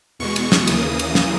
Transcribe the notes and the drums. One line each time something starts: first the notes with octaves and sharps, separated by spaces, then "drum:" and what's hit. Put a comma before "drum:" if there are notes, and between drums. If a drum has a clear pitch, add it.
E2 B2 G#3 C#6
drum: cymbal
drum: snare
D#2 C#3 E3 A#3 D#6, drum: cymbal
drum: cymbal
drum: snare